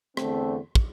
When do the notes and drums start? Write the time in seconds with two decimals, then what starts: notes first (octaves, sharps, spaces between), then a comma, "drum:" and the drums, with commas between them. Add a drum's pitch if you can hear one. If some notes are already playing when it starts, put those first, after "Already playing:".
0.17 E2 D3 A3 C4, drum: rim click
0.75 drum: kick